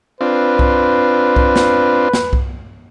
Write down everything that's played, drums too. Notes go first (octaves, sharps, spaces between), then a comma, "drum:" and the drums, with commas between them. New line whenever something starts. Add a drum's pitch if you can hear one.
C4 D4 F4 B4
drum: kick C2
drum: kick C2
drum: snare
drum: snare
drum: kick C2